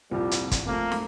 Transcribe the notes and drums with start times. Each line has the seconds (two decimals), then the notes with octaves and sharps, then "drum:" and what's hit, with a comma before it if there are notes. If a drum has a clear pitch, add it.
0.11 C2 F2 A#2 G3
0.31 drum: hi-hat
0.51 drum: kick, hi-hat
0.67 F2 A3 A#3
0.92 drum: snare